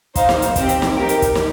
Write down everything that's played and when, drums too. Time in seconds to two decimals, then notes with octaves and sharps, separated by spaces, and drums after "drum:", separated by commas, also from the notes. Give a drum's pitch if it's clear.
0.15 D#4 C5 F5, drum: kick, hi-hat
0.29 drum: snare
0.42 drum: hi-hat
0.56 C4 G4 C5, drum: kick, hi-hat
0.69 drum: hi-hat
0.82 drum: snare
0.95 D#4 G4 A#4
1.09 drum: hi-hat
1.22 drum: kick, hi-hat
1.35 drum: snare